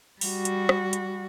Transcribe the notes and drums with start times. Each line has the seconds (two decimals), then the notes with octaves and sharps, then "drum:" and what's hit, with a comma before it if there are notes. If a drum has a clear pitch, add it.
0.21 G3 F#4, drum: open hi-hat
0.45 drum: hi-hat
0.69 drum: rim click
0.93 drum: hi-hat